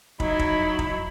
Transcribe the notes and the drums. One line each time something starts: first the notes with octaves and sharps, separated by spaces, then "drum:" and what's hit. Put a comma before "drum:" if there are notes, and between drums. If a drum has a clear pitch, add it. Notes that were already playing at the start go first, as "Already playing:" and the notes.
F#3 D#4 E4 B5, drum: kick
drum: kick
drum: kick